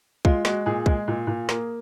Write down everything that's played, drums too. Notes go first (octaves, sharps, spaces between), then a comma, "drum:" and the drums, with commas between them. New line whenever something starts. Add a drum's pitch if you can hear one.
G#3 F4, drum: kick
G#3 F#4, drum: snare
A#2 G#4
G#3, drum: kick
A#2
A#2
A#3, drum: snare